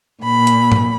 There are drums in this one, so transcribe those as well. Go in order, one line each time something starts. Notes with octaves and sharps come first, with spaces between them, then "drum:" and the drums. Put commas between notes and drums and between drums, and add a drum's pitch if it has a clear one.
A#2 B5
drum: hi-hat
drum: tom G#2